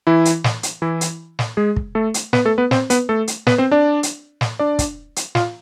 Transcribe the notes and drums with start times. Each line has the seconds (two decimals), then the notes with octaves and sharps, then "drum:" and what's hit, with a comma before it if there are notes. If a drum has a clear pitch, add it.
0.07 E3 E4
0.25 drum: hi-hat
0.44 drum: snare
0.63 drum: hi-hat
0.82 E3 E4
1.01 drum: hi-hat
1.39 drum: snare
1.57 G#3 G#4
1.76 drum: kick
1.95 A3 A4
2.14 drum: hi-hat
2.33 B3 B4, drum: snare
2.45 A3 A4
2.58 B3 B4
2.71 C4 C5, drum: snare
2.90 B3 B4, drum: hi-hat
3.09 A3 A4
3.28 drum: hi-hat
3.47 B3 B4, drum: snare
3.58 C4 C5
3.71 D4 D5
4.03 drum: hi-hat
4.41 drum: snare
4.59 D4 D5
4.79 drum: kick, hi-hat
5.16 drum: hi-hat
5.35 F4 F5, drum: snare